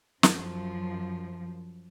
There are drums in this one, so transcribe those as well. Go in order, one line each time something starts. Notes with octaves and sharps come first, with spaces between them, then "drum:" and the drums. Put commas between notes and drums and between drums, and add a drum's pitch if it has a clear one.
F#2 F3, drum: snare